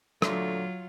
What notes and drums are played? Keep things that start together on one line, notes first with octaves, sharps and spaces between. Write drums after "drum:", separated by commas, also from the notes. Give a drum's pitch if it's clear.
A#2 D3 F#3 A3 F4, drum: rim click